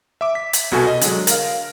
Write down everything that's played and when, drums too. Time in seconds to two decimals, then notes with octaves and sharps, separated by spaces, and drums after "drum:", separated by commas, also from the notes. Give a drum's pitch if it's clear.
0.21 E5 D6
0.35 B6
0.53 drum: hi-hat
0.71 C2 B2 F#4 A4 G#5
0.87 D#5
1.01 D3 F#3 G#3, drum: hi-hat
1.27 A#4 F5, drum: hi-hat